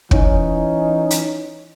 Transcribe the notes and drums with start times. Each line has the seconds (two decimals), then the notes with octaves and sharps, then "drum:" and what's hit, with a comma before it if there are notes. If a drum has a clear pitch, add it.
0.11 E3 C#4 D#4, drum: kick
1.10 drum: hi-hat